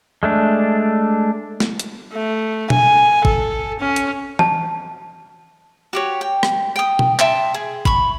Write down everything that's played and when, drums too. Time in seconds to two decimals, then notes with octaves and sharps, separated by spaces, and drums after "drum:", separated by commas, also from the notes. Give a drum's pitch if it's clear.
0.23 G#3 A3 D4
1.60 drum: snare
1.79 drum: hi-hat
2.13 A3
2.70 G#5, drum: tom B2
3.25 A4, drum: kick
3.80 C#4
3.96 drum: hi-hat
4.39 A5, drum: tom E3
5.93 F#4 G4 C#5
6.21 G5
6.43 drum: rim click
6.76 G5 D#6
6.99 drum: tom B2
7.19 E5 G5 A5 C6, drum: clap
7.54 G#4
7.85 B5 C#6, drum: kick